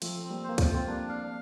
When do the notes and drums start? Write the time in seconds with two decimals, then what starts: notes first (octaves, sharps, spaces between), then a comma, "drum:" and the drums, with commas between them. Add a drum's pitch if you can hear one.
0.02 F3 A3 C4, drum: cymbal
0.23 C4
0.30 G3 A#3
0.44 C5
0.49 A#3
0.58 A3 C4, drum: kick C#2, cymbal
0.66 F4
0.75 C4
0.87 G3 A#3 D4
1.08 F5